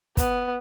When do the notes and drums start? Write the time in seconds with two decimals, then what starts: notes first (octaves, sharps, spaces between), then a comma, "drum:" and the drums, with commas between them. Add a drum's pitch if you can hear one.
0.17 B3, drum: kick, hi-hat